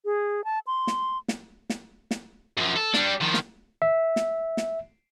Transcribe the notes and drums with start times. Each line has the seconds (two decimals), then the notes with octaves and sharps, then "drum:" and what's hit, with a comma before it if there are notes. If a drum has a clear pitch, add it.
0.05 G#4
0.44 A5
0.67 C6
0.87 drum: snare
1.28 drum: snare
1.70 drum: snare
2.11 drum: snare
2.57 F#2 F3
2.76 A4
2.94 G3 D4, drum: snare
3.21 D#3 F3
3.34 drum: snare
3.82 E5
4.16 drum: snare
4.57 drum: snare